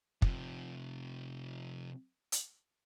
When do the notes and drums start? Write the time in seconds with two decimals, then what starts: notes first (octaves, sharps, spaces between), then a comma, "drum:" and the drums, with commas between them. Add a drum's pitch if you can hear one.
0.22 C3 F3, drum: kick
2.32 drum: hi-hat